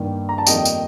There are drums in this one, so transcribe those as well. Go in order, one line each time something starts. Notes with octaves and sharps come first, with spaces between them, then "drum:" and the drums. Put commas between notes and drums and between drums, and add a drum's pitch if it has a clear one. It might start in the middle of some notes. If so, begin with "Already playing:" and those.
Already playing: G2 D#3 A#3
A#5
A5
F2 D#3 G3 A#3 D#5 G5, drum: tambourine
drum: tambourine